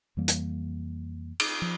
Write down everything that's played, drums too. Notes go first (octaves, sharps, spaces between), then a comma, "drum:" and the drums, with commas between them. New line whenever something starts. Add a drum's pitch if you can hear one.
F2 E3 G3 A#3
drum: hi-hat
drum: cymbal
F3